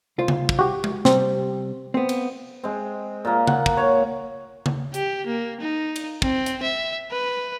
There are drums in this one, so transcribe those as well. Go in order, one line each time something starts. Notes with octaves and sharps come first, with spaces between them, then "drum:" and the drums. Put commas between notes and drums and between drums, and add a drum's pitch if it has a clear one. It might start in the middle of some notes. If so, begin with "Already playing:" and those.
C2 F4 C5
drum: tom C#3
drum: kick
F#4 G4
drum: tom G#3
C3 G3 C4, drum: snare
B3 C4
drum: cymbal
G#3 C4
A#2 A#3
F#5, drum: tom C#3
drum: kick
C#5
drum: tom C#3
G4, drum: hi-hat
A#3
D#4
drum: cymbal
C4, drum: kick
drum: hi-hat
E5
B4